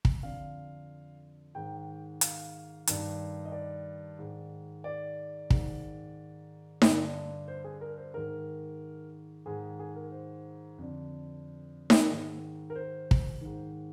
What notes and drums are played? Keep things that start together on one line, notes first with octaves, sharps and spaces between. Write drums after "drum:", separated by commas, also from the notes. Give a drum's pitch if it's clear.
drum: kick
F2 D3 F5
G#2 D#3 G5
F5, drum: hi-hat
G2 D#3, drum: hi-hat
D#5
D5
G#2 D#3
D5
G#2 D#3, drum: kick
G2 D3, drum: snare D#4
C5
G#4
A#4
C5
G#2 D#3 A#4
G#2 D#3 G#4
G#4
A#4
C5
F2 D3
drum: snare D#4
G#2 D#3
A#4
C5
drum: kick
G#2 D#3